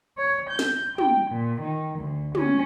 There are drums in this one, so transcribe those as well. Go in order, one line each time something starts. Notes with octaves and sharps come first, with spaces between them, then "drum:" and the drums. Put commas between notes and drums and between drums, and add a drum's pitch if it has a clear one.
C#5
G6
drum: snare
G5, drum: tom
A#2
D#3
D2
C#4, drum: tom